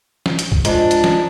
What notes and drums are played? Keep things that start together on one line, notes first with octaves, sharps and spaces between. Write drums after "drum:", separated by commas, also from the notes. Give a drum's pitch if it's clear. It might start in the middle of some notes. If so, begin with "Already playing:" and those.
drum: snare
drum: hi-hat
drum: kick
G#2 F3 D4, drum: hi-hat
drum: hi-hat
drum: snare